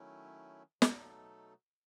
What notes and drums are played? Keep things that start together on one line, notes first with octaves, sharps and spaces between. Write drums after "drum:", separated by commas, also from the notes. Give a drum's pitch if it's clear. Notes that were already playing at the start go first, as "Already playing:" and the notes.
Already playing: D#3 F#3 A3 C#4 E4
B2 F#3 A3 D#4 A4, drum: snare